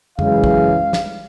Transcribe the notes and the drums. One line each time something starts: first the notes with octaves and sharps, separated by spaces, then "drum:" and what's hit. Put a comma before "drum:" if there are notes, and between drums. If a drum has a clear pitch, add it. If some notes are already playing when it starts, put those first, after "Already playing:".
F#2 C#3 E3 G#3 F5, drum: tom
drum: kick
drum: snare